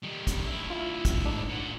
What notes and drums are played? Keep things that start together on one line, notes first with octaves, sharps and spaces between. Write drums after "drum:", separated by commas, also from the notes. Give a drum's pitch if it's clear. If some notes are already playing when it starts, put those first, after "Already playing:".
D#3 G3
drum: kick, hi-hat
D2 E4
F4 E5
drum: kick, hi-hat
G#2 D4 D#4
A#2 F#4